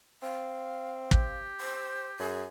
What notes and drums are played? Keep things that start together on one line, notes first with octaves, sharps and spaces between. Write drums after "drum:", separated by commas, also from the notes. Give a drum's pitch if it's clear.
C4 F5
G4, drum: kick
C5
F#2 G#4